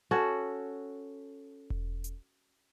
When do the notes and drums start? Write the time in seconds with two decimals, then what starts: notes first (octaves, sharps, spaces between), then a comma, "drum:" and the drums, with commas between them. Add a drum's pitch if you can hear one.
0.11 C#4 F#4 A4
1.70 drum: kick E1
2.04 drum: hi-hat